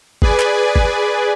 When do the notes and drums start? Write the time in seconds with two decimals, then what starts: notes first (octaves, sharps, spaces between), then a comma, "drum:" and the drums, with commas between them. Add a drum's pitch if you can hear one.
0.22 G#4 B4 D5 G#5, drum: kick
0.40 drum: clap
0.76 drum: kick